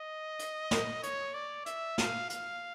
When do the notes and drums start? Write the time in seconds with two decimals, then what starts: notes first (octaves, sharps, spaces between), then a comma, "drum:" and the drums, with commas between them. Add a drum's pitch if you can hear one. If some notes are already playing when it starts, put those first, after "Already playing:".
Already playing: D#5
0.39 drum: hi-hat
0.71 drum: snare
1.03 C#5, drum: hi-hat
1.34 D5
1.66 E5, drum: hi-hat
1.98 F5, drum: snare
2.30 F5, drum: hi-hat